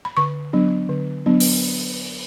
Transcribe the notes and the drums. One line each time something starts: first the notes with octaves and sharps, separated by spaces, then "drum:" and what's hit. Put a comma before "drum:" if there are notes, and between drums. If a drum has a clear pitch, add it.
B5
D3 C#6
F#3 B3 D4
D3
F#3 B3 D4
drum: open hi-hat